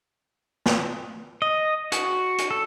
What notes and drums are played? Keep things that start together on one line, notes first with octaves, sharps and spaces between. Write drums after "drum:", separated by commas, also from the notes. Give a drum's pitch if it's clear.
drum: snare
D#5
F#4, drum: hi-hat
drum: hi-hat
A4